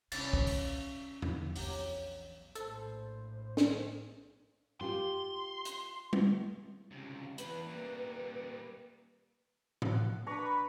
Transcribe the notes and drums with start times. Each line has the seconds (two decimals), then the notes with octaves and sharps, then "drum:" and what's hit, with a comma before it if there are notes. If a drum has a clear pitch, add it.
0.12 C3 G3 C#4 E4 A6, drum: cymbal
0.33 drum: kick
0.47 drum: open hi-hat
1.22 drum: tom E2
1.56 A#1 E2 F#3 G4 A#5, drum: open hi-hat
2.55 A#1 A2 A4 C5, drum: hi-hat
3.57 drum: snare
4.81 F4 G4 C6
5.65 drum: hi-hat
6.13 drum: tom G3
6.91 C#2 C3
7.38 E2 B4 B5, drum: hi-hat
7.67 G3 A#3
9.82 drum: tom A2
9.92 F#5
10.26 D4 B4 A#5 C#6